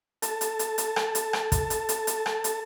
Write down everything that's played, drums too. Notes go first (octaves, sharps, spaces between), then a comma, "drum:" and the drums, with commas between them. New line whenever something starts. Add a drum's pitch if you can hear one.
A4 A5, drum: hi-hat
drum: hi-hat
drum: hi-hat
drum: hi-hat
drum: rim click
drum: hi-hat
drum: rim click
drum: kick, hi-hat
drum: hi-hat
drum: hi-hat
drum: hi-hat
drum: rim click
drum: hi-hat